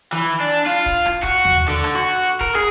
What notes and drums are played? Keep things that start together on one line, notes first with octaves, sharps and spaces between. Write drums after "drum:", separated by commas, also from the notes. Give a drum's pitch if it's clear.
E3
D4
F4, drum: hi-hat
drum: kick, hi-hat
drum: rim click
F#4, drum: kick, hi-hat
drum: tom D#2
D3
drum: rim click
F#4
drum: hi-hat
A#4, drum: kick
G#4